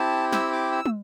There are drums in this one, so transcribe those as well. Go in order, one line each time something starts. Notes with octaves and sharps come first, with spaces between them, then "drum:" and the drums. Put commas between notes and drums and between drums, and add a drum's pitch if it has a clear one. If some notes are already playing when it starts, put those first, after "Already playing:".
Already playing: C4 E4 G4 A5
E6, drum: snare
D6
E6
drum: tom